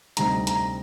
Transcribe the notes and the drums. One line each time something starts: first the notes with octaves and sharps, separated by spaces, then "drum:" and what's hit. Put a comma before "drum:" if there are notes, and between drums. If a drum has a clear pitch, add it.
D2 C3 G3 C4 D#4 A#5, drum: hi-hat
A#5, drum: hi-hat